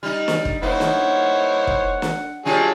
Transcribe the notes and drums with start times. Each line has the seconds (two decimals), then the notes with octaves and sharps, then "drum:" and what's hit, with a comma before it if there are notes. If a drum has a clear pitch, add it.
0.03 G3 D#4 F6
0.28 drum: snare
0.45 drum: kick
0.63 A#3 D#4 E4 C5 C#5 F#5
0.80 drum: snare
1.67 drum: kick
2.02 drum: snare
2.46 F3 F#3 D4 G4 G#4 C#5 A5